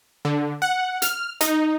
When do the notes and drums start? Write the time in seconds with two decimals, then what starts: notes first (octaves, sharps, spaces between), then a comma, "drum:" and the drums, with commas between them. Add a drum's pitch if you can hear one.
0.25 D3
0.62 F#5
1.02 F6, drum: hi-hat
1.41 D#4, drum: hi-hat